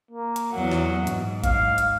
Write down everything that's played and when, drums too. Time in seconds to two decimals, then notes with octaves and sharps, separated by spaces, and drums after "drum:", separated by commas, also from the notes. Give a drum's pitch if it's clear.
0.11 A#3
0.36 drum: hi-hat
0.52 E2 F#3 F#5
0.72 drum: snare
1.07 G#2, drum: hi-hat
1.44 F5, drum: kick G#1, hi-hat
1.78 drum: hi-hat